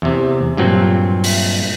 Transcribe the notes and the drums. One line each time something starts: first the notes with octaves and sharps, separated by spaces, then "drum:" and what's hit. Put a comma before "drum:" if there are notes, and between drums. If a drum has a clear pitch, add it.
E2 C3
G2 A#2 F#3 C4
drum: open hi-hat